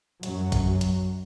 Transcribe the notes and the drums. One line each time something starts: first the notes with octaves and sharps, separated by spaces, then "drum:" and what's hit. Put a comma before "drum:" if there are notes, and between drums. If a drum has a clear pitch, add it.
F#2 F#3, drum: hi-hat
drum: kick A1, hi-hat
drum: hi-hat